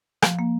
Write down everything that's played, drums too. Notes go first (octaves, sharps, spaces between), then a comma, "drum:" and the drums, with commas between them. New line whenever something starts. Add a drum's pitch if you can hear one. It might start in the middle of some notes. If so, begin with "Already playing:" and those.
F3, drum: rim click
A#3